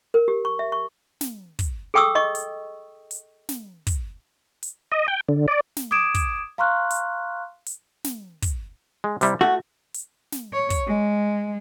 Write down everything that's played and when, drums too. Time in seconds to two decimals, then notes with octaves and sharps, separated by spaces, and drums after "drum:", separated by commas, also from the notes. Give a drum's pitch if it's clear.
0.14 A#4
0.28 G4
0.45 C#6
0.59 E5
0.72 C#6
1.21 drum: snare
1.59 drum: kick, hi-hat
1.94 G#4 A4 G5 C#6 D#6 E6
2.15 D#5 C#6
2.35 drum: hi-hat
3.11 drum: hi-hat
3.49 drum: snare
3.87 drum: kick, hi-hat
4.63 drum: hi-hat
4.92 D#5
5.08 G5
5.29 D3
5.48 D5
5.77 drum: snare
5.91 D6 D#6 G#6 D7 E7
6.15 drum: kick, hi-hat
6.58 F5 A#5 C6 C#6 F6 F#6
6.90 drum: hi-hat
7.66 drum: hi-hat
8.04 drum: snare
8.42 drum: kick, hi-hat
9.04 G#3
9.21 C3 G3 E4, drum: hi-hat
9.41 A3 F#4
9.94 drum: hi-hat
10.32 drum: snare
10.53 C#5
10.70 drum: kick, hi-hat
10.87 G#3